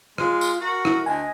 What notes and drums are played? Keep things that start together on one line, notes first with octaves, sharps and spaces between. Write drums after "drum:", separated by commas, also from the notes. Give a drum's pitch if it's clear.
G#3 F4, drum: rim click
drum: tambourine
F#4 A#4
E4, drum: rim click
D2 D#5 G#5